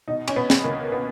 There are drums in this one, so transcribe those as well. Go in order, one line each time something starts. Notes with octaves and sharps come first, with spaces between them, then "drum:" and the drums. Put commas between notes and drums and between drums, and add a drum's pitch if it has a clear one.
B2 D#4
C#4, drum: cymbal
B2 B3
drum: snare
C#2 A#3
B3